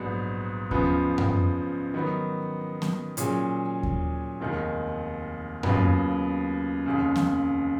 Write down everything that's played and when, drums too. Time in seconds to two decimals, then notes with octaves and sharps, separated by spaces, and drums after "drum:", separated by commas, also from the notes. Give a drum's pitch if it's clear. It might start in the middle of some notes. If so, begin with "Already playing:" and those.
Already playing: A#1 G#2 F#3 B3 F#4
0.71 C#2 C#3 F3 B3 F4, drum: kick D#2
1.18 drum: tom F#2
1.94 D#3 F#3 B3
2.82 drum: snare B3
3.17 A#2 F#3 C#4 G#4, drum: hi-hat
3.83 drum: kick D#2
4.40 F1 D#2 D#3 G#3
5.63 D#2 C#3 F#3 B3 F4, drum: tom F#2
6.86 F1 D#2 C#3
7.16 drum: snare B3